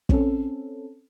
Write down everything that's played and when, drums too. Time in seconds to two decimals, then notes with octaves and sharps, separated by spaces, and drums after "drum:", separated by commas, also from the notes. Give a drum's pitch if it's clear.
0.09 C4 C#4 A4, drum: kick